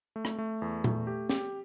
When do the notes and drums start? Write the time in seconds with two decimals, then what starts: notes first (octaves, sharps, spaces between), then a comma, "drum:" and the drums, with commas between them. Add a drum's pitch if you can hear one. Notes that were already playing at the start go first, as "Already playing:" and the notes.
0.16 A3
0.25 drum: rim click
0.38 A3
0.62 E2
0.84 A3, drum: tom A#2
1.07 G4
1.29 G4, drum: snare